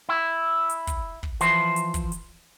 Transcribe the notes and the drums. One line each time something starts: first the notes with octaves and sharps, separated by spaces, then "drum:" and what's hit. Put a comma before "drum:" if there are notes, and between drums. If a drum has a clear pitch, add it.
E4
drum: hi-hat
drum: kick, hi-hat
drum: kick
E3 F3 C5, drum: hi-hat
drum: hi-hat
drum: kick, hi-hat
drum: hi-hat